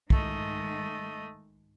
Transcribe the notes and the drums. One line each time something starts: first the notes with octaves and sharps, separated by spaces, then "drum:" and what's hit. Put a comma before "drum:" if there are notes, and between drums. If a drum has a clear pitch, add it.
D#3 G#3 A3 D#5, drum: kick